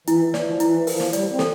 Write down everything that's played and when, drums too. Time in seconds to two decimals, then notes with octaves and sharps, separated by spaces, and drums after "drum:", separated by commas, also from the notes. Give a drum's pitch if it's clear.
0.07 E3 E4, drum: hi-hat
0.25 E3
0.34 D5, drum: snare
0.43 F3
0.60 E3 E4, drum: hi-hat
0.87 F3 A#4, drum: open hi-hat
1.00 drum: snare
1.13 G3 D5, drum: hi-hat
1.30 C4
1.39 A4, drum: snare